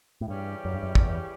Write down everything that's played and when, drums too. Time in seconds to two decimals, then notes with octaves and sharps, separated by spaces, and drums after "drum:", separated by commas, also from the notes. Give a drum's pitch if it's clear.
0.21 A2
0.28 G2 C#3 E3 G3 C#4 G4
0.65 F#2
0.74 G2
0.83 F#2
0.95 F#2, drum: kick
1.01 E2